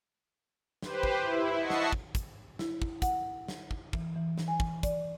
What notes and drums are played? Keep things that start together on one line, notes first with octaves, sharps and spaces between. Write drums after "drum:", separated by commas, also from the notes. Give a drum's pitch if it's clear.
G4 B4 C5, drum: snare
drum: kick
E4
D#5 E5 F#5 A5 C#6 C7
drum: snare
drum: kick
drum: kick, hi-hat
E4, drum: snare
drum: kick
F#5, drum: kick, hi-hat
drum: snare
drum: kick
E3, drum: kick
E3
drum: snare
G#5
drum: kick
D5, drum: kick, hi-hat